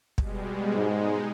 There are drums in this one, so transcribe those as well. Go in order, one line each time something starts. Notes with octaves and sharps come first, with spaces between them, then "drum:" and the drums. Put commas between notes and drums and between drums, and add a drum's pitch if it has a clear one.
B2 G3 G#3, drum: kick
G#2 G#3 D#4